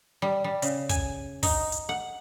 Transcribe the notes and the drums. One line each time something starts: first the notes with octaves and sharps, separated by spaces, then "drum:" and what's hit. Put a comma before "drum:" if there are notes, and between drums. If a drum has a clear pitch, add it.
G3
G3
C#3, drum: hi-hat
G#5, drum: kick, hi-hat
D#4, drum: kick, open hi-hat
drum: hi-hat
F#5